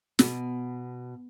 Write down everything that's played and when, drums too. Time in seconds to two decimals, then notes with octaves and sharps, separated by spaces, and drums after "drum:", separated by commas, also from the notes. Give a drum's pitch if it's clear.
0.19 B2, drum: snare